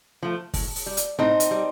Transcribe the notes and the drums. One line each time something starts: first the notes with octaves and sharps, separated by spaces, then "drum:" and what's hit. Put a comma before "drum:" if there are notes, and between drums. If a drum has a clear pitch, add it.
F3 A3
A2, drum: kick, open hi-hat
drum: open hi-hat
G3
drum: hi-hat
A2 C4 D#4
drum: hi-hat
G3